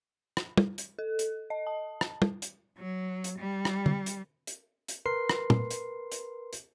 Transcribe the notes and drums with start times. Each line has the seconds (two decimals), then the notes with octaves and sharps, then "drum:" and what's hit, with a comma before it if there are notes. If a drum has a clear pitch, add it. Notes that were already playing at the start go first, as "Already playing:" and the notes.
0.37 drum: rim click
0.57 drum: tom
0.78 drum: hi-hat
0.99 A4
1.19 drum: hi-hat
1.50 D#5
1.67 A5
2.01 drum: rim click
2.22 drum: tom
2.42 drum: hi-hat
2.77 F#3
3.24 drum: hi-hat
3.39 G3
3.65 drum: rim click
3.86 drum: tom
4.06 drum: hi-hat
4.47 drum: hi-hat
4.88 drum: hi-hat
5.06 A#4 B4 C6 C7
5.29 drum: rim click
5.50 drum: tom
5.71 drum: hi-hat
6.12 drum: hi-hat
6.53 drum: hi-hat